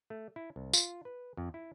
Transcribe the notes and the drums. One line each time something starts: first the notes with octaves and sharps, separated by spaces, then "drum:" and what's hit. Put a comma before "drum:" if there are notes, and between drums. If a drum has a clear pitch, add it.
A3
E4
C2
F4, drum: tambourine
B4
F2
E4